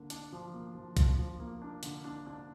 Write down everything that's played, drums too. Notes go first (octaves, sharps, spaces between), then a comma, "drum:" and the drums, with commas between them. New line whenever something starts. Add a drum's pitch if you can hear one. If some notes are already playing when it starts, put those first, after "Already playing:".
Already playing: D3 A#3 D4
D4, drum: hi-hat
F3
A#3
F3
F3, drum: kick, hi-hat
F3
A#3
D4
D3, drum: hi-hat
D4
D4